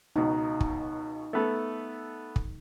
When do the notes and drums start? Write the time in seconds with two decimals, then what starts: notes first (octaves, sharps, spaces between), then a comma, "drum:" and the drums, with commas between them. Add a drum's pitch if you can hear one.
0.16 C#2 B2 D#4
0.61 drum: kick
1.33 A3 B3 A4
2.36 drum: kick